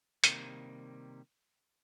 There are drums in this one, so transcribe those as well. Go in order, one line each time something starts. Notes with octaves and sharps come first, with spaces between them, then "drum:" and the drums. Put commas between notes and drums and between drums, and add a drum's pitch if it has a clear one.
C3 D#3 F#3 G3 A#3, drum: hi-hat